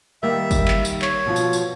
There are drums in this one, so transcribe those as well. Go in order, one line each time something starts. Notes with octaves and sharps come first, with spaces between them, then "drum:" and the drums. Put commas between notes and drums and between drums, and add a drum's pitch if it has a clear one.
D#3 G3 A#3 E5
drum: kick, tambourine
drum: clap
drum: tambourine
C#5, drum: clap
B2 F3 F4
drum: tambourine
drum: tambourine